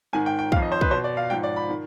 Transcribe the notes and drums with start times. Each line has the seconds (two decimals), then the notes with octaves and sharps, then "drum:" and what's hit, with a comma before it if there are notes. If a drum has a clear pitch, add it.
0.13 G#2 D#3 G#5
0.26 G5
0.39 G5
0.52 F2 D#3 F5, drum: kick
0.62 D#5
0.72 C5
0.81 B4, drum: kick
0.91 B2 C5
1.04 D5
1.17 F5
1.30 G#2 F3 G5
1.43 D5
1.56 B5
1.69 D#3